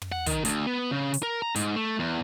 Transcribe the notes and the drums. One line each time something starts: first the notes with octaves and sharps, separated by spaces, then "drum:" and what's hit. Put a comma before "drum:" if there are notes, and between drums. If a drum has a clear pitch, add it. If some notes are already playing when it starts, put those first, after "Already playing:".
drum: tom
F#5
D#3, drum: kick, hi-hat
D2, drum: hi-hat
B3
C#3
drum: hi-hat
A#4
A#5
G#2, drum: hi-hat
A3
E2